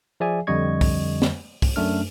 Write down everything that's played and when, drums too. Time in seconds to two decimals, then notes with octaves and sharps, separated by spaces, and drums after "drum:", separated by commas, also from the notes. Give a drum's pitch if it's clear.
0.20 F3 G#4 D5 E5 G#5
0.47 F2 D3 G3 D#5 C#6 G#6
0.81 drum: kick, open hi-hat
1.22 drum: snare
1.62 drum: kick, open hi-hat
1.76 F#2 A3 D4 F6